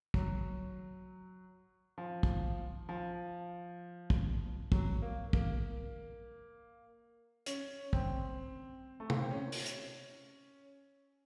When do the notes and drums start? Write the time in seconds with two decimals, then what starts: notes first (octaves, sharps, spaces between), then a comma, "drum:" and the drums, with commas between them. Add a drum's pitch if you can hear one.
0.14 F#3, drum: kick
1.98 F3
2.23 drum: kick
2.89 F3
4.10 drum: kick
4.72 F#3, drum: kick
5.02 A#3
5.33 A#3, drum: kick
7.46 C#4, drum: hi-hat
7.93 C4, drum: kick
9.00 A3
9.10 A#3, drum: tom
9.19 C4
9.31 C#4
9.52 drum: open hi-hat
9.66 drum: hi-hat